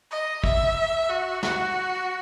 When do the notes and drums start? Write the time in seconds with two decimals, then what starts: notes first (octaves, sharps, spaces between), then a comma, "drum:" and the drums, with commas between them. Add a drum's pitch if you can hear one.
0.11 D#5
0.44 E5, drum: kick
1.09 F#4
1.43 F#4, drum: snare